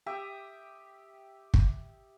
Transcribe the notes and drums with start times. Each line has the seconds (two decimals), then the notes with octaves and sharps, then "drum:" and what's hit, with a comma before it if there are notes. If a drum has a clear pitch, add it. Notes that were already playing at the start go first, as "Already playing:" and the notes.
0.06 G4 E5 G5 D#6
1.54 drum: kick